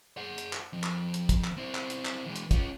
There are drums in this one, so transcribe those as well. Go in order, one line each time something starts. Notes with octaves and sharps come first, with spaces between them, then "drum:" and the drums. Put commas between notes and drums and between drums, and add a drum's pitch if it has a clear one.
G#4 F#5
drum: hi-hat
drum: clap
F2
drum: clap
drum: hi-hat
drum: kick, hi-hat
drum: clap
C4 E4
drum: clap
drum: hi-hat
drum: clap
E3 G#3
drum: hi-hat
C#4 F4, drum: kick, hi-hat